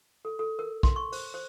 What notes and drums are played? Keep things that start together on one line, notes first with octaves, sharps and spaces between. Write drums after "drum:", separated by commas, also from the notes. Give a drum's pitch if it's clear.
A4
A4
A#4
C6, drum: kick
C#6
C5, drum: open hi-hat
C5